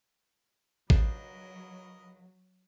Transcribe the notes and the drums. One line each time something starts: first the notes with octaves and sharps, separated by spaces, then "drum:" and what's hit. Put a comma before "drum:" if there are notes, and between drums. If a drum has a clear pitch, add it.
C#2 F#3 D4 A#4 C5 D#5 B5, drum: kick A1